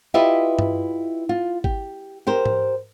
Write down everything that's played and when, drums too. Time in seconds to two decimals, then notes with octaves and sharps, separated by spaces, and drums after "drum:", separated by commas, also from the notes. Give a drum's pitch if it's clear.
0.14 E4 F4 G4 B4 D#5 E5
0.59 drum: tom G2
1.29 F4
1.64 G4, drum: kick G#1
2.27 G4 A#4 C5
2.46 drum: tom G#2